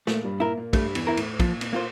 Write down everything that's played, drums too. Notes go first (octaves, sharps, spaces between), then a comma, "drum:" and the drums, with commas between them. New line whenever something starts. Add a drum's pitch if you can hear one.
A#2 A3 A#3, drum: snare
G2 G3
A#2 A#3 E4 A#4
A#2 A#3
G2 G3 A3, drum: kick, cymbal
E2 E3, drum: cymbal
E4 A#4
A2, drum: cymbal
A#2 F3, drum: kick, cymbal
A#2, drum: cymbal
A#2 A#3 F4 C5